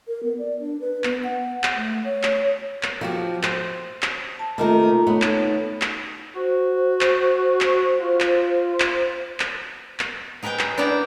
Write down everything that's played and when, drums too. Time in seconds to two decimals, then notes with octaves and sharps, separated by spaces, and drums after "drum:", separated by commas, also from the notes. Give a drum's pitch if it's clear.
0.08 A#4
0.23 B3
0.38 D5
0.60 D4
0.80 B4
1.04 B3, drum: clap
1.24 F#5
1.64 drum: clap
1.76 A3
2.04 C#5
2.23 drum: clap
2.83 drum: clap
3.01 F3 F#4 G4
3.43 C5, drum: clap
4.02 drum: clap
4.39 A5
4.58 C3 D#3 A3 A#3 F4 A#5
5.07 A3 B3 D#4 C#5
5.22 drum: clap
5.81 drum: clap
6.35 F#4 C5
7.01 drum: clap
7.61 drum: clap
8.01 F4
8.20 drum: clap
8.80 drum: clap
9.40 drum: clap
9.99 drum: clap
10.43 G#4 A#4 B4 D#5 G5
10.59 drum: clap
10.78 B3 D4 E4 A#4 D5 G5